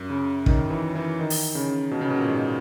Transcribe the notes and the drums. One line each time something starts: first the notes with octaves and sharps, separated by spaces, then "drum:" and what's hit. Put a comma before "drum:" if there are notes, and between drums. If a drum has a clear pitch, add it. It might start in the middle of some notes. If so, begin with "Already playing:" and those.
Already playing: F#2
C#3
D#3, drum: kick
E3
E3
D#3
drum: open hi-hat
C#3
B2
C#3
B2
A#2
G#2